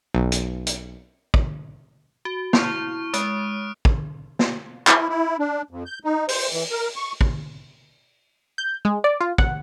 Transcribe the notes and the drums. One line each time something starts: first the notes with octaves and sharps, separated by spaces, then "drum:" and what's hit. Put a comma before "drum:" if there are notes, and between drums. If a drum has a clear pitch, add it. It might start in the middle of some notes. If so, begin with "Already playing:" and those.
B1
drum: hi-hat
drum: hi-hat
drum: kick
F#4
E4 C#6 F6, drum: snare
G#3 D#6 F#6 D7, drum: hi-hat
drum: kick
drum: snare
E4, drum: clap
E4
D4
F2
G6
D#4
C5, drum: open hi-hat
E3
A#4
C#6
drum: kick
G6
G#3
D5
F4
F#5, drum: kick